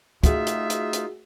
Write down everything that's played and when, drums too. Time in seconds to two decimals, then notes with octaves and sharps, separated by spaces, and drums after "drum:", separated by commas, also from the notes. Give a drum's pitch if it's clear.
0.24 A3 D#4 F4 F#4 G#4 E5, drum: kick, hi-hat
0.47 drum: hi-hat
0.70 drum: hi-hat
0.93 drum: hi-hat